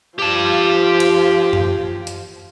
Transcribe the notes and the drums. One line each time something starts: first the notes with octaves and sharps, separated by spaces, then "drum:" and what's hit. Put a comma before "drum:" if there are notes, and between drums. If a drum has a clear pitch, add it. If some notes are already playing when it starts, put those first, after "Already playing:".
F3 G4 A5
drum: cymbal
drum: tom F#2
drum: hi-hat